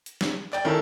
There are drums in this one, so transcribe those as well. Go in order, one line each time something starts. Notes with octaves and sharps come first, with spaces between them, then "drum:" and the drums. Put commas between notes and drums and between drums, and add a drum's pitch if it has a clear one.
drum: hi-hat
drum: snare
D5 G5, drum: clap
D#3 C#4 E4 A4 A#4